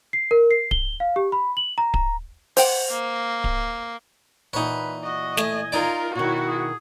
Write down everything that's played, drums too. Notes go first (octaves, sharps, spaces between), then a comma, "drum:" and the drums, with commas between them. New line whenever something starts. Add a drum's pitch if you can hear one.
C7
A#4
C7
G7, drum: kick D1
F5
G4
B5
F#7
A#5
A#5, drum: kick D1
C5 F#5 G5, drum: open hi-hat
A#3
drum: kick D1
A#2 E3 D#4 B4 C#5 F#5
F#4 D#5
A3 G#5, drum: snare
D#4 F4 A#4 D5
B2 D#3 E4 F#4 C#5
G#4